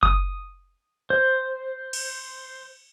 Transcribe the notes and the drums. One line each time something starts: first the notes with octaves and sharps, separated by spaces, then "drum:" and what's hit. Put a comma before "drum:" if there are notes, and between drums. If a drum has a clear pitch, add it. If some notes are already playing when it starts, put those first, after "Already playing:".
D#6, drum: kick F#1
C5
drum: cymbal